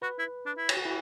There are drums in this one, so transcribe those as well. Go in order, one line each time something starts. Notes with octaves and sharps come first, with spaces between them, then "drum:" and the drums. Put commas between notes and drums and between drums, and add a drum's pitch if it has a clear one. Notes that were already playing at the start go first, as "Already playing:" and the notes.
F#4 B4
E4
D4
E4
C#5, drum: cymbal
F#4
E4